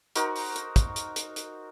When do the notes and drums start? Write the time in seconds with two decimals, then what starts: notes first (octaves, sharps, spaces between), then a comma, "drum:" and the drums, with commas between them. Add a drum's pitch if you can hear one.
0.16 D#4 F#4 A#4 C5, drum: hi-hat
0.36 drum: open hi-hat
0.56 drum: hi-hat
0.76 drum: kick, hi-hat
0.96 drum: hi-hat
1.16 drum: hi-hat
1.36 drum: hi-hat